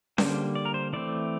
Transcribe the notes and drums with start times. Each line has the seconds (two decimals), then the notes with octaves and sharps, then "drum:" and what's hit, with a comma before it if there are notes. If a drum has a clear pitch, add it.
0.18 D3 G3 A#3 C5, drum: snare C#4
0.55 D5
0.65 A#4
0.74 C5
0.93 E3 A3 C4 D5